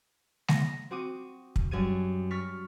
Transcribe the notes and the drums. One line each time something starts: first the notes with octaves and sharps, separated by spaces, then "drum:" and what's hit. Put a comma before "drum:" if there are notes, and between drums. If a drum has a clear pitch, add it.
A#6, drum: snare
C4 F#4 D6 D#6 D#7
drum: kick
F#2 G3 G#6 D#7
C#6 F6 A6 B6